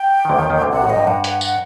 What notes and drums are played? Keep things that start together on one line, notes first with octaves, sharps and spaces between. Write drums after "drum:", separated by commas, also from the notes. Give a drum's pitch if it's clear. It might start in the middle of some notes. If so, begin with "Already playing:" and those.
Already playing: G5
D#3
D2 D3
D#2 D#3
D#2 D#3
D2 D3
C2 C3 F#5
A1 A2
D#5
G2
F#2
G2 F#5
F#5, drum: hi-hat
F#5, drum: tambourine